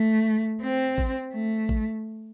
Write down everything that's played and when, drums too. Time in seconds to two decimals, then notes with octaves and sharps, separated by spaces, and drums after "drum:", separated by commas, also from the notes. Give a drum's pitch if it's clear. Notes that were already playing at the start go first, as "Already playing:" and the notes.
Already playing: A3
0.63 C4
0.98 drum: kick A1
1.34 A3
1.69 drum: kick A1